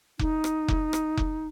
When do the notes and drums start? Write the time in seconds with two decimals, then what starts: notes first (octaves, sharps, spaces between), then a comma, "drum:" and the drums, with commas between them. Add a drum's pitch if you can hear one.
0.19 D#4, drum: kick F1
0.44 drum: rim click
0.68 drum: kick F1
0.93 drum: rim click
1.17 drum: kick F1